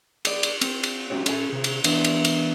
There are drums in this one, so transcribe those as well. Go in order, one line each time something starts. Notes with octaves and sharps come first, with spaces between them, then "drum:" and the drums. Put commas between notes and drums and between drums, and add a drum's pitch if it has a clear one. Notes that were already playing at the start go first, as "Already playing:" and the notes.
G#4 D5, drum: cymbal
drum: cymbal
C4, drum: cymbal
drum: cymbal
C#4 F#4 G4 C#5
C#4 A4 E5 G#5, drum: cymbal
C3 G#4
drum: cymbal
E3 B3 D4 E4, drum: cymbal
drum: cymbal
drum: cymbal